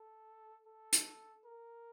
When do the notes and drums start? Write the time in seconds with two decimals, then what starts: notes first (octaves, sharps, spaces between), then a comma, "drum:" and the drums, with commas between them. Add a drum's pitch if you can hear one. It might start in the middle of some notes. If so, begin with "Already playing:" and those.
Already playing: A4
0.66 A4
0.93 drum: hi-hat
1.45 A#4